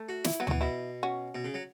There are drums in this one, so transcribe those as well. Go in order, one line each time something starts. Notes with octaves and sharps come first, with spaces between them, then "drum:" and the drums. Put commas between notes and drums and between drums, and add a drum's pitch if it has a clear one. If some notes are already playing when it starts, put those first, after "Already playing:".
Already playing: A3
F#4
E4, drum: snare
F#3 B3
C#4, drum: tom D2
E3 B3
B2 B3 E4
C#4 F#4
B2
C#3
F#3